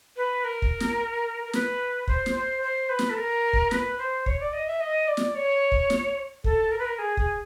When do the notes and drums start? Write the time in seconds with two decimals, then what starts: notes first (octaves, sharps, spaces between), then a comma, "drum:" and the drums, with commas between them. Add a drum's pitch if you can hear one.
0.17 B4
0.44 A#4
0.62 drum: kick
0.80 drum: snare
1.44 A#4
1.53 B4, drum: snare
2.08 C5, drum: kick
2.26 drum: snare
2.35 C5
2.62 C5
2.89 B4
2.99 drum: snare
3.10 A4
3.16 A#4
3.53 drum: kick
3.71 B4, drum: snare
3.98 C5
4.26 C#5, drum: kick
4.40 D5
4.53 D#5
4.67 E5
4.80 D#5
5.08 D5
5.17 drum: snare
5.35 C#5
5.72 drum: kick
5.90 drum: snare
6.44 A4, drum: kick
6.71 A#4
6.79 B4
6.86 A#4
6.99 G#4
7.17 G#4, drum: kick